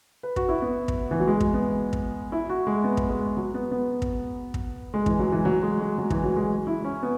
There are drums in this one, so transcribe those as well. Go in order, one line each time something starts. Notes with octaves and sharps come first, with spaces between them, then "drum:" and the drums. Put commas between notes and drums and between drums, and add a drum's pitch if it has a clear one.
B4
F#4, drum: kick
E4
B3
drum: kick
E3
F#3
G#3
drum: kick
B3
drum: kick
E4
F#4
G#3
B3
drum: kick
G#3
F#3
B3
B3
drum: kick
drum: kick
G#3
E3, drum: kick
F#3
E3
F#3
G#3
G#3
F#3
E3, drum: kick
F#3
G#3
E4
C#4
B3